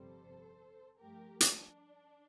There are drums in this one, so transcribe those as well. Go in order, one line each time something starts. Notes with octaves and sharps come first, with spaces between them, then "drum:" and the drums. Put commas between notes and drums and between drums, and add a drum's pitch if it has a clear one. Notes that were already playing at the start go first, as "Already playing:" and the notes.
Already playing: G1 F2 C3 G3 A4 C5
G2 F3 A3 G4 A#4
drum: hi-hat
D4